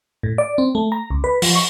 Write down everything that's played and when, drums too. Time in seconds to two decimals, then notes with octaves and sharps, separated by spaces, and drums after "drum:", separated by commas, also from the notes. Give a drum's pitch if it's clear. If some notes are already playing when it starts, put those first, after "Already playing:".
0.23 A2
0.38 D5
0.58 C4
0.75 A3
0.92 A#5
1.10 C#2
1.24 B4
1.42 F3, drum: open hi-hat
1.55 C#6